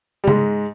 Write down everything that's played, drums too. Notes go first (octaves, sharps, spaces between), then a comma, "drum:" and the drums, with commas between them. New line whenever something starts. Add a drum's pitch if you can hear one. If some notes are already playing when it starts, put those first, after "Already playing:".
G3
G#2 G#3, drum: tom C#3